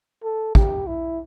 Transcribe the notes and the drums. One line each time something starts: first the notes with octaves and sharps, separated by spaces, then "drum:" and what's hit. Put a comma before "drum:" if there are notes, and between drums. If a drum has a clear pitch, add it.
A4
G4, drum: kick
E4